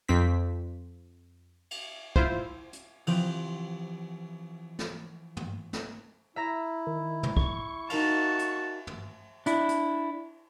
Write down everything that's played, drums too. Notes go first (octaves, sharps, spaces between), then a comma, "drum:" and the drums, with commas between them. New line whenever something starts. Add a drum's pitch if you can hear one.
F2 C4 B6
drum: cymbal
E4 F4 C5, drum: kick
drum: hi-hat
E3 F3 C4 G4, drum: cymbal
drum: snare
drum: tom
drum: snare
E4 E5 A#5 A#6
D#3
drum: tom
C#6, drum: kick
D#4 F#4 A#4 F5 A5, drum: cymbal
drum: hi-hat
drum: tom
D4 E4, drum: hi-hat
drum: hi-hat